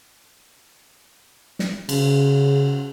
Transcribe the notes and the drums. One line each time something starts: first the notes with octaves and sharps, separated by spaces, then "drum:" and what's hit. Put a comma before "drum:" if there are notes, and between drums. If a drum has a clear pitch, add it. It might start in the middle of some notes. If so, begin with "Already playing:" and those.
drum: snare
C#3, drum: cymbal